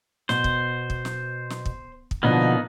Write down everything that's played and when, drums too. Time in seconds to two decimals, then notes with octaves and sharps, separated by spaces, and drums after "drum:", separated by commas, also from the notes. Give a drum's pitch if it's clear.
0.29 B2 C5, drum: snare
0.44 drum: kick
0.90 drum: kick
1.05 drum: snare
1.50 drum: snare
1.66 drum: kick
2.11 drum: kick
2.23 B2 D3 F3 A#3 B3 D#4